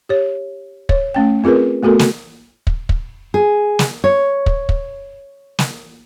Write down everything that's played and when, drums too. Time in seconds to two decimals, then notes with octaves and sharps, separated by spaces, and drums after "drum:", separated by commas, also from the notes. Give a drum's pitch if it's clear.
0.09 G4 C#5
0.89 C#5, drum: kick
1.14 A3 C#4 G5
1.44 C4 F4 G#4 A#4 B4
1.83 A3 B3 F#4 A4 A#4
1.99 drum: snare
2.67 drum: kick
2.89 drum: kick
3.34 G#4
3.79 drum: snare
4.04 C#5
4.46 drum: kick
4.69 drum: kick
5.59 drum: snare